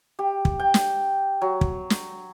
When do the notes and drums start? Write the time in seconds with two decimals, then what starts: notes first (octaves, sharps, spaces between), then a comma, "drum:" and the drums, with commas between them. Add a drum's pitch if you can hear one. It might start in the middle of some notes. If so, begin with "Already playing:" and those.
0.19 G4
0.45 drum: kick
0.59 G5
0.74 drum: snare
1.42 F#3
1.61 drum: kick
1.90 drum: snare